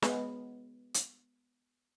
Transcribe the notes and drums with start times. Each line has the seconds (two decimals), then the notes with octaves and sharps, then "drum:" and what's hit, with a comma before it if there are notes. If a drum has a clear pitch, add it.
0.02 G#3 B3, drum: snare
0.94 drum: hi-hat